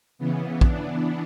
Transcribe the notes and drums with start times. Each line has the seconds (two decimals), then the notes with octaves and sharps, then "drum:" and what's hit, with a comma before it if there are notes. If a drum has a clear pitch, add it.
0.18 C#3 E3 B3
0.61 E3 B3 D4, drum: kick